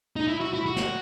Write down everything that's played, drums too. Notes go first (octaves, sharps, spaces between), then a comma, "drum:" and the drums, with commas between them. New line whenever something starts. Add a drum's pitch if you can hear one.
D#4
E4
F#4
E4
F#4
drum: snare